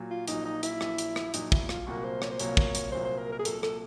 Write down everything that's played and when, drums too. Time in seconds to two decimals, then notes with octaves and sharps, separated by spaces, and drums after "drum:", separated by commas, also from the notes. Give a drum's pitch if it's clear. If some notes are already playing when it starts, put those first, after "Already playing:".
Already playing: A#2 F#3
0.11 F4
0.28 A#1 A#2 F#3 D#4, drum: hi-hat
0.45 D#4
0.63 E4, drum: hi-hat
0.81 A#1 A#2 F#3, drum: rim click
0.98 drum: hi-hat
1.16 drum: rim click
1.34 A#1 A#2 F#3 D#4, drum: hi-hat
1.52 E4, drum: kick
1.69 F4, drum: rim click
1.86 C2 A#2 F#3 A#3 F#4
2.04 C5
2.22 C#5, drum: rim click
2.31 C5
2.39 C2 A#2 F#3 A#3 C#5, drum: hi-hat
2.57 drum: kick
2.75 drum: hi-hat
2.92 C2 A#2 F#3 A#3 C5
3.05 C5
3.18 A#4
3.32 A#4
3.39 G#4
3.45 C2 A#2 F#3 A#3 A4, drum: hi-hat
3.63 A4, drum: rim click